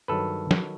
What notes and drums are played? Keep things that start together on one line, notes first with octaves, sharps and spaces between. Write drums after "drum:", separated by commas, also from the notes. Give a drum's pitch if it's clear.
G2 D#3 F#3 A4 B4
D#3 F#3, drum: snare